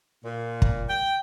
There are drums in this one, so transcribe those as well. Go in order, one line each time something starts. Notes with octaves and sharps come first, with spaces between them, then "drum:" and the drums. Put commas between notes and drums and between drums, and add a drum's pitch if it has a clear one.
A#2
drum: kick
G5